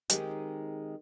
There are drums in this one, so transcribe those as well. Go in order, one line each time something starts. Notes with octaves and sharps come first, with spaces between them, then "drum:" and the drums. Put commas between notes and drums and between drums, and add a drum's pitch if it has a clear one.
D#3 G#3 C4 D#4 G4 G#4, drum: hi-hat